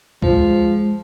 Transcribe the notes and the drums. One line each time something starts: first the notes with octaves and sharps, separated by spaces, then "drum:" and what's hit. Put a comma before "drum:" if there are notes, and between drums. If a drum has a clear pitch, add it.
F3 G#3, drum: kick